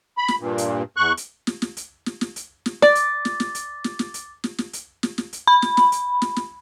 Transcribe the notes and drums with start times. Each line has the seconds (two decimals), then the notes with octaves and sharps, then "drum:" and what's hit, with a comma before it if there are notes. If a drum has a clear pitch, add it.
0.17 B5
0.28 drum: snare
0.40 G2 A#2
0.58 drum: hi-hat
0.97 E2 C#6 F#6
1.17 drum: hi-hat
1.47 drum: snare
1.62 drum: snare
1.77 drum: hi-hat
2.06 drum: snare
2.21 drum: snare
2.36 drum: hi-hat
2.66 drum: snare
2.82 D5 D6 A6, drum: snare
2.95 drum: hi-hat
3.25 drum: snare
3.40 drum: snare
3.55 drum: hi-hat
3.84 drum: snare
3.99 drum: snare
4.14 drum: hi-hat
4.44 drum: snare
4.58 drum: snare
4.73 drum: hi-hat
5.03 drum: snare
5.18 drum: snare
5.33 drum: hi-hat
5.47 B5
5.62 drum: snare
5.77 drum: snare
5.92 drum: hi-hat
6.22 drum: snare
6.36 drum: snare